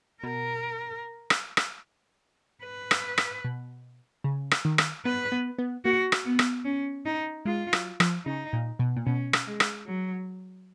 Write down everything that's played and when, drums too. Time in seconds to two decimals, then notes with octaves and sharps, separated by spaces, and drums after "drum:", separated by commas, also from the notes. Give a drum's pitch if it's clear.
0.23 B2 A#4
1.30 drum: rim click
1.57 drum: rim click
2.64 B4
2.91 drum: rim click
3.18 drum: rim click
3.45 B2
4.24 C#3
4.51 drum: rim click
4.65 D#3
4.78 drum: rim click
5.05 B3 B4
5.32 B3
5.59 B3
5.85 A#3 F#4
6.12 drum: rim click
6.25 B3
6.39 drum: rim click
6.65 C#4
7.05 D#4
7.45 G#3 F4
7.73 F#3, drum: rim click
8.00 F3, drum: rim click
8.26 C#3 D#4
8.53 A#2
8.79 B2
8.97 A#2
9.06 B2 C#4
9.33 drum: rim click
9.47 G#3
9.60 drum: rim click
9.86 F#3